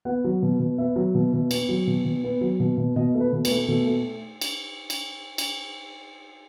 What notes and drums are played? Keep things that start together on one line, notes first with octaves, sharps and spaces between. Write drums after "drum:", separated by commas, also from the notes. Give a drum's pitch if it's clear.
B3 F#5
F#3
B2
B2
B3 E5
F#3
B2
B2
B3, drum: cymbal
F#3
B2
B2
B3
F#3
B2
B2
B2 D#5
A3
B4
B2
B4, drum: cymbal
A3
B2 A4
A3
drum: cymbal
drum: cymbal
drum: cymbal